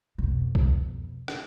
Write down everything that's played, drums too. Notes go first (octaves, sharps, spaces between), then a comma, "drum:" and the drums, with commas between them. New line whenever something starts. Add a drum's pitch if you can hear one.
F2 B2
drum: kick C2
drum: rim click